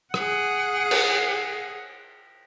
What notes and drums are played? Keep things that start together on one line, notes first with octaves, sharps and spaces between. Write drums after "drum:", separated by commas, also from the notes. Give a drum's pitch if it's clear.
G#4 F#5, drum: rim click
drum: cymbal